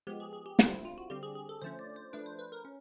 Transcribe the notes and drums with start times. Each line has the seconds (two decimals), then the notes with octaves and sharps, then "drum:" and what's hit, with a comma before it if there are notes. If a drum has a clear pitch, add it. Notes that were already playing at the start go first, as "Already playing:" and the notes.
0.07 F3 G#3 B3 G4
0.20 G#4
0.33 G#4
0.46 G4
0.59 D3 G3 C4 F4, drum: snare
0.71 E4
0.85 F4
0.98 F#4
1.10 D3 G3 C4 G4
1.23 G#4
1.35 G#4
1.49 A4
1.62 D3 F3 A3 C#4 C5
1.79 D5
1.96 C5
2.13 F3 A3 D4 B4
2.26 C5
2.39 B4
2.52 A#4
2.65 C#4